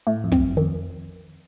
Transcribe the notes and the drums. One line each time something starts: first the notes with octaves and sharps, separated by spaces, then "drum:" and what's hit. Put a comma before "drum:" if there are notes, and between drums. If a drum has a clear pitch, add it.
A2 A3
F2
F#2 C4, drum: kick
F2 D#3, drum: hi-hat